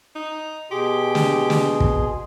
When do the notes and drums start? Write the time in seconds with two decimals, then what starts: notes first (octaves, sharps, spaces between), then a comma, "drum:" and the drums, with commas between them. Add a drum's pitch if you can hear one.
0.16 D#4
0.71 B2 G4 G#4 C6
1.15 drum: snare
1.50 drum: snare
1.80 drum: kick